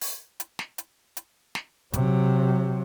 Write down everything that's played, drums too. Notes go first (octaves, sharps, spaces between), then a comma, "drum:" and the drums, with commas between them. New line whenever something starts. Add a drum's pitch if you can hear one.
drum: open hi-hat
drum: hi-hat
drum: snare
drum: hi-hat
drum: hi-hat
drum: snare
C3 F#3, drum: kick, hi-hat